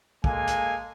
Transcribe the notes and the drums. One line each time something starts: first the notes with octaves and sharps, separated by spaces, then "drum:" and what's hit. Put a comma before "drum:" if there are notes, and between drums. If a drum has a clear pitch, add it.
G#3 A#3 A4 G#5, drum: kick
drum: hi-hat